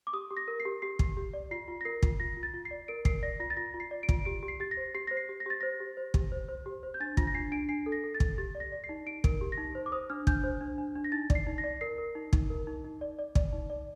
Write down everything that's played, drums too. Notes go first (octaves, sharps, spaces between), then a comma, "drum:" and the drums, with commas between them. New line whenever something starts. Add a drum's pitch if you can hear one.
D6
G4 D#6
G4
A#6
A#4
C7
G4
G4 C7
G4, drum: kick
G4
D5
F4 C7
F4
A#6
A#4 C7
F4, drum: kick
F4 A#6
F4
A6
F4
C7
D5
A#4 D7
A#4 C7, drum: kick
D5 A#6
F4 A#6
A6
F4 A#6
F4
C7
D5
D7
F4, drum: kick
G4 D7
G4
C7
G4 A6
A#6
C5
G4 C7
C5 A#6
C7
G4
A#6
G4 A6
C5 A#6
G4
C5
G4, drum: kick
C5
C5
G4
C5
G6
D4 A6
F4 A#6, drum: kick
A#6
D4 C7
D4 D7
D4 C7
A4
A#6
A4
A6
A4, drum: kick
G4 A6
D5
A#6
D5
C7
D#4
D#4 D7
A#4, drum: kick
G4
A#6
D#4
C5
D6
C5 D#6
D4 F6
D4 G6, drum: kick
C5
D4
D4
D4
A#6
D#4 A6
D5, drum: kick
C7
D#4
A#6
D5
A#4 C7
A#4
D#4
D#4, drum: kick
A#4
D#4
D#4
D5
D5
D5, drum: kick
D#4
D5